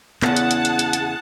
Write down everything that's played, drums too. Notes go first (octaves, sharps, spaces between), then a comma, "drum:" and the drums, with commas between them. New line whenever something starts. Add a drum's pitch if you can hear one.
E2 C#3 B3 G#4 F#5 A5, drum: clap
drum: hi-hat
drum: hi-hat
drum: hi-hat
drum: hi-hat
drum: hi-hat